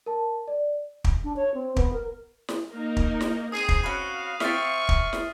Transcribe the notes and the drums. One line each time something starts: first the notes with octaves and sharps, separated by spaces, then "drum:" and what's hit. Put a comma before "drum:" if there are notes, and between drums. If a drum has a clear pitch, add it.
A#4 A5
D5
drum: kick
D4
C#5
C4
B3, drum: kick
A#4
drum: snare
A#3 D#4 A#4
drum: kick
drum: snare
C4 G#4 D#6 C7 D#7
drum: kick
C#4 F#4 B4 F5
C4 E5 C#6 F6 A6, drum: snare
drum: kick
drum: snare